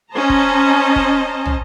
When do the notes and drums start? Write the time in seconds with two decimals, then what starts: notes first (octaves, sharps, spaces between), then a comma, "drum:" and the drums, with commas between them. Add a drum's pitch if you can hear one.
0.13 C#4 C5 D#5 A5 A#5
0.30 drum: kick
0.96 drum: kick
1.46 drum: tom